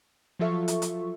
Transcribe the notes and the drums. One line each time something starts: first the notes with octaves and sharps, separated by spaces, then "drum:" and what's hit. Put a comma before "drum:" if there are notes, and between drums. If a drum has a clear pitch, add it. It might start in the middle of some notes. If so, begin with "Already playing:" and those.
F3 F#3 F4 A4 E5 C#6
drum: hi-hat
drum: hi-hat